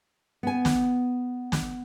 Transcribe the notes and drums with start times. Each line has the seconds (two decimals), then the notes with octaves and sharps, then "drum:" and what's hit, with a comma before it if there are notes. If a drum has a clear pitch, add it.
0.43 B3 G#5
0.65 drum: snare
1.52 drum: snare